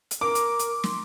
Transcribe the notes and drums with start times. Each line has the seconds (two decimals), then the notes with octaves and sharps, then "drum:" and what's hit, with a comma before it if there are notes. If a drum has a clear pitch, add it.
0.11 drum: hi-hat
0.21 A#4 D6
0.35 drum: hi-hat
0.59 drum: hi-hat
0.84 C6, drum: snare